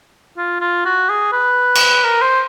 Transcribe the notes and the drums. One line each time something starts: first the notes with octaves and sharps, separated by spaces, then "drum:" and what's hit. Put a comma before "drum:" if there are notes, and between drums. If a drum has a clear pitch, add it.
F4
F4
F#4
G#4
B4
drum: cymbal
A#4
C5